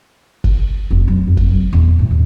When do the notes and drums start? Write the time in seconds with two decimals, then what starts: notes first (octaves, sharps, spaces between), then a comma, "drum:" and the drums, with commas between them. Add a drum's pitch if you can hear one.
0.44 drum: kick
0.91 F1
1.08 F#3
1.27 F2
1.37 drum: kick
1.52 F#3
1.73 E2
1.99 A2
2.11 D#2